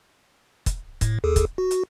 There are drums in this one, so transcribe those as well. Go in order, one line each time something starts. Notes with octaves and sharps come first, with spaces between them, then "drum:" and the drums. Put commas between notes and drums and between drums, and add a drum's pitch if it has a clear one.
drum: kick, hi-hat
A2, drum: kick, hi-hat
D#2 G#4 A4
drum: kick, hi-hat
F#4
drum: hi-hat